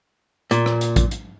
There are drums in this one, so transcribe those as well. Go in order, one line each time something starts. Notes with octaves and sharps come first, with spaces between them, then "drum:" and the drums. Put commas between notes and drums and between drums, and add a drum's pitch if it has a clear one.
A#2, drum: hi-hat
drum: rim click
drum: hi-hat
drum: kick A1, hi-hat
drum: hi-hat